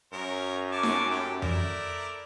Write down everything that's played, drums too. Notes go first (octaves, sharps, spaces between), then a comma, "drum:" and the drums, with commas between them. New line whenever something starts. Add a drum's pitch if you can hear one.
F#2 A#4 C#5
G#5 A5 C#6 D6
drum: snare D#4
G4 A4
A3 E4 A#4 D5, drum: tom F2